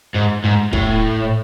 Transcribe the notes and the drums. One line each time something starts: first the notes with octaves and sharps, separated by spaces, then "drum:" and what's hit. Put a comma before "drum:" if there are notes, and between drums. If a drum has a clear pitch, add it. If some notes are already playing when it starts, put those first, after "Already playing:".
G#2
G#2
A2, drum: kick